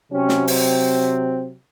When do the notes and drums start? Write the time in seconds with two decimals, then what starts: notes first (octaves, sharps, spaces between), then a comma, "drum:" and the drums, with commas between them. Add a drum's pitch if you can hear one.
0.11 C3 F#3 C4 C#4
0.29 drum: snare
0.48 C4, drum: open hi-hat